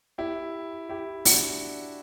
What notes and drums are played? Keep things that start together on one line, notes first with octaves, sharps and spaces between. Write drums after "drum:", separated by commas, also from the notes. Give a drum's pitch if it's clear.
E4 G4
E4 G4
D4 F#4, drum: open hi-hat